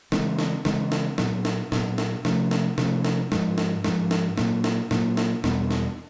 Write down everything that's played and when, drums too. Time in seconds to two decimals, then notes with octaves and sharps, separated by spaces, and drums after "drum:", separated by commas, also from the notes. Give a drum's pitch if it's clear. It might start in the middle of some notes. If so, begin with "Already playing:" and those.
0.12 C#3 E3 G#3 C4, drum: snare
0.39 drum: snare
0.65 C#3 E3 G#3 C4, drum: snare
0.92 drum: snare
1.18 A#2 F#3 B3, drum: snare
1.45 drum: snare
1.72 A#2 F#3 B3, drum: snare
1.98 drum: snare
2.25 C3 F3 A3 C#4, drum: snare
2.51 drum: snare
2.78 C3 F3 A3 C#4, drum: snare
3.05 drum: snare
3.32 G#2 F3 G#3, drum: snare
3.58 drum: snare
3.84 G#2 F3 G#3, drum: snare
4.11 drum: snare
4.38 A#2 F#3 A#3, drum: snare
4.64 drum: snare
4.91 A#2 F#3 A#3, drum: snare
5.17 drum: snare
5.44 E2 B2 G3 B3, drum: snare
5.71 drum: snare